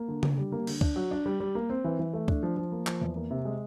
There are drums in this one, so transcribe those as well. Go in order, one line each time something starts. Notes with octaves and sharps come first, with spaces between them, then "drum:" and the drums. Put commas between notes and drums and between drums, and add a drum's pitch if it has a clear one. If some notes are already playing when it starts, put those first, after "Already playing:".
Already playing: A#3
D3
D3, drum: tom C#3
G3
A#3
D3, drum: cymbal
D4, drum: kick
F#3
D4
G3
G3
A#3
C4
E3
E3
A3
D4, drum: kick
F3
F3
A#3
F3, drum: clap
E2
A#3
C3
G#3